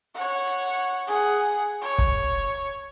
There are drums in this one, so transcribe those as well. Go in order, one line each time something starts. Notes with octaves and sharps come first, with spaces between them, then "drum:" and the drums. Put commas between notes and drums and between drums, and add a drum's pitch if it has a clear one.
C#5 F#5
drum: hi-hat
G#4 F#5
C#5
drum: kick